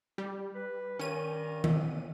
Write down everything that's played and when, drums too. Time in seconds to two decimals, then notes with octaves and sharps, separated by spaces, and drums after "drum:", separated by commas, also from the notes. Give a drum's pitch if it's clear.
0.18 G3
0.54 B4
0.99 G2 D#3 C#4 D#7
1.64 drum: tom D#3